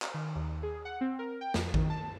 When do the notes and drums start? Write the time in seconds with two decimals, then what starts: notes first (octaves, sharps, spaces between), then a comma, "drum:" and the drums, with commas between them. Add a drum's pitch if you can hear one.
0.02 drum: clap
0.14 D#3
0.35 D#2
0.63 G#4
0.85 F#5
1.01 C4
1.19 A#4
1.41 G5
1.54 F2, drum: snare
1.74 D#3, drum: kick A1
1.90 A5